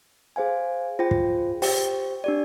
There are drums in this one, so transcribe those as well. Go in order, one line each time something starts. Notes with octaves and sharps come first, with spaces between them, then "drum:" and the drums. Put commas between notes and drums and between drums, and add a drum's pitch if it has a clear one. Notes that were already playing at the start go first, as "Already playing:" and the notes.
G#4 C5 F5 G#5
F4 G#4 C5 G5
drum: kick
G4 C5 G5, drum: open hi-hat
D4 G4 D5